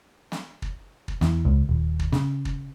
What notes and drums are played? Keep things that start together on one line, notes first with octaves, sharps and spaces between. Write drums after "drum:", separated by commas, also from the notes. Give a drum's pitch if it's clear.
drum: snare
drum: kick
drum: kick
E2, drum: snare
C#2
D#1
drum: kick
C#3, drum: snare
drum: kick